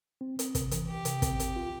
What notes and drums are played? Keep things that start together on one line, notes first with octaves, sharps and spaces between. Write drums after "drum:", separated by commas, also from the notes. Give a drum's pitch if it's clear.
C4
C4, drum: hi-hat
C3, drum: kick, hi-hat
E3, drum: hi-hat
E3 G4
C3, drum: hi-hat
C4, drum: kick, hi-hat
C4, drum: hi-hat
F4